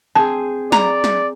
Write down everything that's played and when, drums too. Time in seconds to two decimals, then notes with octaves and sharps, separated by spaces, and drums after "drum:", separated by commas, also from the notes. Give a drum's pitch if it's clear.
0.15 C4 G#4 A5
0.72 D5 A#5, drum: snare
1.04 drum: snare